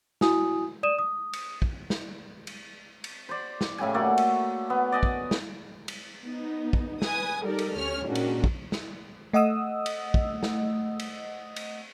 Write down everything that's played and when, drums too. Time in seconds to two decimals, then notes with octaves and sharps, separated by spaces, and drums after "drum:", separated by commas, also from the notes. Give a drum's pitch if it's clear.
0.21 E4 F#4 G#5 D#6, drum: snare
0.83 D5 D#6 D#7 E7
0.99 D#6
1.33 drum: cymbal
1.62 drum: kick
1.90 drum: snare
2.47 drum: cymbal
3.04 drum: cymbal
3.29 C5 D5
3.61 drum: snare
3.78 A2 C#3 G4 G#5
3.94 A3 A#3 F#4 D5
4.18 drum: cymbal
4.70 B3
4.92 D5 D#5 G#5
5.03 drum: kick
5.31 drum: snare
5.88 drum: cymbal
6.24 B3 D#4
6.73 drum: kick
7.02 B4 G#5 D#6, drum: snare
7.44 G3 D#4 G4 A4 A#4 D5
7.59 drum: cymbal
7.75 D2 C#4 G4 C#5 F6
8.05 A#2 D#3 G#3 C#4 D4 F#4
8.15 drum: cymbal
8.44 drum: kick
8.72 drum: snare
9.33 A3 D#5 F#5 D#6 E6
9.86 drum: cymbal
10.14 drum: kick
10.43 drum: snare
10.99 drum: cymbal
11.56 drum: cymbal